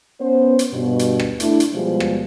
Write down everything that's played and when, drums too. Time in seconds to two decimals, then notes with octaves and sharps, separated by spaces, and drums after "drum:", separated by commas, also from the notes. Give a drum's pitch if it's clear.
0.20 B3 C#4 C5
0.59 drum: hi-hat
0.72 G2 B2
0.99 drum: hi-hat
1.20 drum: rim click
1.40 A3 D4 E4, drum: hi-hat
1.60 drum: hi-hat
1.73 B2 F3 G3 G#3
2.00 drum: rim click